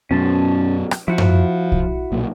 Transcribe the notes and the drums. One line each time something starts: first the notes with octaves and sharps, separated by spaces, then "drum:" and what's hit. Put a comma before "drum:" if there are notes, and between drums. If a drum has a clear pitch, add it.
F#2 B2 C#4 A5 C6
drum: rim click
F3 E4 F#4 F#5
drum: tom F#2
drum: kick B1
B1 A#2